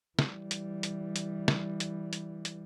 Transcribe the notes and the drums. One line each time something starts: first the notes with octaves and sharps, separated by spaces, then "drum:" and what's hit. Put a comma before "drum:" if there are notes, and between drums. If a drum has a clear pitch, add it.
E3 G3, drum: snare
drum: hi-hat
drum: hi-hat
drum: hi-hat
drum: snare
drum: hi-hat
drum: hi-hat
drum: hi-hat